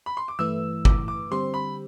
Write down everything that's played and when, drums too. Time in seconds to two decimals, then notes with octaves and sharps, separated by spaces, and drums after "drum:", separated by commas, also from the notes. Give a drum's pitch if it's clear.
0.06 B5
0.17 C6
0.28 D6
0.39 G2 E3 A3 E4 B4 E6
0.85 D6, drum: kick
1.08 D6
1.31 D3 G3 C4 G4 C5 C6
1.54 B5